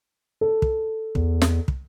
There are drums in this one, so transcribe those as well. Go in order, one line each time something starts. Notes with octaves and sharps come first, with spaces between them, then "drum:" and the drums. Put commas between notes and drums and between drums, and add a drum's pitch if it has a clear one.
A4
drum: kick
E2, drum: kick
drum: snare
drum: kick